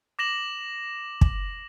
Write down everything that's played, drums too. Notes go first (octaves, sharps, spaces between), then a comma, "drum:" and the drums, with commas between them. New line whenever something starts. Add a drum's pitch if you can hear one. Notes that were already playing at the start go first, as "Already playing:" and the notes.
D6 A#6 E7 F#7
drum: kick